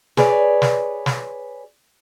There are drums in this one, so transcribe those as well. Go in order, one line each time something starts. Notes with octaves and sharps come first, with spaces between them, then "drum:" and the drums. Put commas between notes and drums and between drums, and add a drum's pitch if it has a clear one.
G#4 B4 C#5 D5, drum: snare
drum: snare
drum: snare